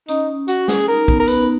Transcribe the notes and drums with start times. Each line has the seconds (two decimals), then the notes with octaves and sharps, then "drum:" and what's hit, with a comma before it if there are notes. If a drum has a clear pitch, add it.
0.09 C#4 D#4, drum: tambourine
0.48 F#4, drum: tambourine
0.68 G#4, drum: snare
0.88 D#4 A#4
1.08 B3, drum: kick
1.20 A#4
1.28 B3 B4, drum: tambourine